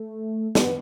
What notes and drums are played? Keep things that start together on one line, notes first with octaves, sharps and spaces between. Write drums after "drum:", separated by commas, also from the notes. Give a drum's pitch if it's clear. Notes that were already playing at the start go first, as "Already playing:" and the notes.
Already playing: A3
B3, drum: snare